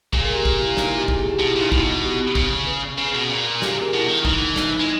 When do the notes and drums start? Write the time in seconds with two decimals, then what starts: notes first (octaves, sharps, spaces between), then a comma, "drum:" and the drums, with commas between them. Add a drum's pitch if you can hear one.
0.13 A#2 G#4, drum: kick
0.25 A#4
0.35 G4
0.45 G4, drum: kick
0.61 E4
0.77 D#4, drum: snare
0.88 E4
0.98 G4
1.08 G#4, drum: kick
1.19 G#4
1.30 G4
1.40 B2 E4
1.50 E4
1.56 A#2
1.61 D#4
1.72 B2 E4, drum: kick
2.03 G4
2.35 C#3, drum: kick
2.66 B4
2.98 C#3 G#4
3.15 B2
3.29 A#2
3.62 G4, drum: snare
3.72 G#4
3.82 A#4
3.94 B2 E4
4.09 D#3
4.25 E3 D#4, drum: kick
4.56 D#4, drum: snare
4.76 D#4
4.80 G#3